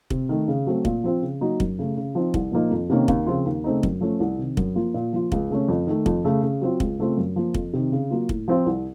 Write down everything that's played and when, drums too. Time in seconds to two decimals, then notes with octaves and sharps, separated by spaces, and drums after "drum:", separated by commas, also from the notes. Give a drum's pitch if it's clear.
0.10 C3, drum: kick
0.29 D#3 A3
0.48 C#3
0.67 F#3 A3 C4
0.85 A#2, drum: kick
1.04 F3 C4 F4
1.22 C#3
1.41 F#3 A#3 D#4 F#4
1.60 F#2, drum: kick
1.79 C#3 A3
1.97 C#3
2.15 F3 C4 D#4
2.34 C2, drum: kick
2.52 A#2 F3 A#3 D#4
2.71 F2
2.90 C3 D#3 A#3 C#4
3.08 D#2, drum: kick
3.27 C#3 F3 C4 F4
3.46 D#2
3.64 C#3 A3 C4 D#4
3.83 F#2, drum: kick
4.01 F3 A3 C#4
4.20 C2
4.38 C3 D#3
4.57 F#2, drum: kick
4.75 F3 A#3 F4
4.94 A#2
5.13 F3 A#3 F4
5.32 C#2, drum: kick
5.50 C#3 A3 C#4
5.69 F2
5.87 D#3 A3
6.06 F2, drum: kick
6.25 C#3 A3
6.43 C#3
6.61 F#3 C4 F4
6.80 C#2, drum: kick
6.99 C#3 A3 C4 F4
7.18 F#2
7.36 F3 A#3
7.54 F2, drum: kick
7.73 C3 D#3
7.92 C#3
8.10 F#3 A#3 F4
8.29 A2, drum: kick
8.48 F3 C4 F4
8.66 C2